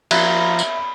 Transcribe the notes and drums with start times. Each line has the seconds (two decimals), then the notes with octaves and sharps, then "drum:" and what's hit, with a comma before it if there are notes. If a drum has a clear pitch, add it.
0.11 F3 E5 A#5 B5, drum: cymbal
0.59 drum: tambourine